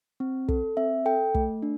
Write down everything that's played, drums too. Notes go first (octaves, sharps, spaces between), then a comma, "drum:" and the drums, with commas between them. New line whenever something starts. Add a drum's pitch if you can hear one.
C4
A4, drum: kick
C4 E5
A4 G5
A3, drum: kick
D4